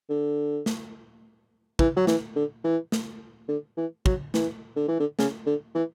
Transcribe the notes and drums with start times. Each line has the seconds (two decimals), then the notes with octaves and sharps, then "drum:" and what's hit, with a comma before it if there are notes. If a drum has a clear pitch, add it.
0.10 D3
0.66 drum: snare
1.79 E3, drum: kick
1.97 F#3
2.07 E3, drum: snare
2.36 D3
2.64 E3
2.92 drum: snare
3.49 D3
3.77 E3
4.06 F#3, drum: kick
4.34 E3, drum: snare
4.76 D3
4.88 E3
5.00 D3
5.19 C#3, drum: snare
5.47 D3
5.75 E3